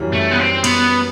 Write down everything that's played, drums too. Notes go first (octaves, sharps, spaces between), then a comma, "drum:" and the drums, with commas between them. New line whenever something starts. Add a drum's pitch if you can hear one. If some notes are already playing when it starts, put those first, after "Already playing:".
Already playing: F#2 E3 G3
A3
B3
C4
B3, drum: cymbal